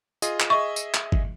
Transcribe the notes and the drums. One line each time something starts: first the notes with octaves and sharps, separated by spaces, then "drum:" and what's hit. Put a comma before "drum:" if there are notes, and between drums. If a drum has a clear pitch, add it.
F4 G#4 D#5, drum: tambourine
drum: clap
G#4 D#5 E5 C#6
drum: tambourine
drum: clap
drum: kick G1